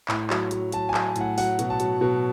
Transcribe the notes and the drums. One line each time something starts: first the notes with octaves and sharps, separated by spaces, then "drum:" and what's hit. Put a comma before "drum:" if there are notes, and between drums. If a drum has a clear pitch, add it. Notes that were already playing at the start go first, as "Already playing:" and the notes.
A2, drum: clap
F#3, drum: clap
F#3, drum: hi-hat
F#3 A5, drum: hi-hat
G#5
F#3, drum: clap
A2 F#5, drum: hi-hat
F#3 F#5, drum: open hi-hat
B2, drum: hi-hat
A5
F#3, drum: hi-hat
B2